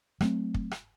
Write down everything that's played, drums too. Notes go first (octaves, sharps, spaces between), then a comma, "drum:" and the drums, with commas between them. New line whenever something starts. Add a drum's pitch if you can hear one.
F#3 A3 C4, drum: rim click
drum: kick
drum: rim click